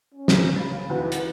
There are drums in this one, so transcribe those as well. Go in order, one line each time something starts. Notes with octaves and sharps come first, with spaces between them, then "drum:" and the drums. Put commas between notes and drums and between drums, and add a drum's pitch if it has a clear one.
C#4
drum: snare
C#3 F5 B5 A6
D#2 E3 F#4 B4
drum: hi-hat